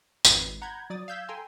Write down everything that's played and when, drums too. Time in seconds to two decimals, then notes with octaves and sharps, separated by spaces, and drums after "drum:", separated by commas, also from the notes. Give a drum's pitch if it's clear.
0.25 G#1 F2 B4 C7, drum: tambourine
0.45 G#1
0.62 F#5 A#5 B5 G6 G#6
0.90 F#3 D5 D#6 A6
1.08 F5 E6 G6 G#6 B6 E7
1.28 A4 G5 G#5 A#5 C6 E6